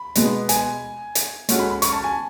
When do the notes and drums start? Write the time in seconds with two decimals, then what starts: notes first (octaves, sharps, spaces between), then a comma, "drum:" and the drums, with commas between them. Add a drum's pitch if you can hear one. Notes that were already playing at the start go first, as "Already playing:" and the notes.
Already playing: B5
0.15 B2 G#3 B3, drum: hi-hat
0.49 G#5, drum: hi-hat
1.15 drum: hi-hat
1.49 G#3 C#4 F#4 A4, drum: hi-hat
1.60 B5
1.71 B5
1.82 C#6, drum: hi-hat
1.93 A5
2.04 G#5